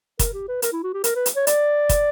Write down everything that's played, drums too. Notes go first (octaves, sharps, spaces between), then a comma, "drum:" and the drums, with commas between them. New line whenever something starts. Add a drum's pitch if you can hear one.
A#4, drum: kick, hi-hat
G4
B4
A#4, drum: hi-hat
E4
F#4
G4
A#4, drum: hi-hat
B4
drum: hi-hat
C#5
D5, drum: hi-hat
drum: kick, hi-hat